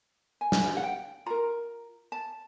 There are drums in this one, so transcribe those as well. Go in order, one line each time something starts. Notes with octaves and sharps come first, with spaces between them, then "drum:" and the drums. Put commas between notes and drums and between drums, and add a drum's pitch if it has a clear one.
G#5
drum: snare
F#5
G5
F4 A#4 A#5
A5